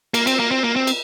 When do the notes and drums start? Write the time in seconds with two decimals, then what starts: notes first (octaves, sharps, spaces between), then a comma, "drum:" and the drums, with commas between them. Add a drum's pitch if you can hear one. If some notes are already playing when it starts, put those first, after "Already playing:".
0.14 A#3, drum: cymbal
0.27 C4, drum: cymbal
0.39 A#3
0.51 C4
0.64 A#3
0.76 C4
0.87 drum: cymbal